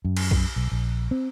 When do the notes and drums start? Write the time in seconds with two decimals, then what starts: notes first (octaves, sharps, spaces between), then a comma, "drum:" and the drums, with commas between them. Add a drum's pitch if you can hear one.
0.05 F#2
0.17 drum: cymbal
0.31 drum: kick B1
0.56 B1
0.72 A#1
1.11 C4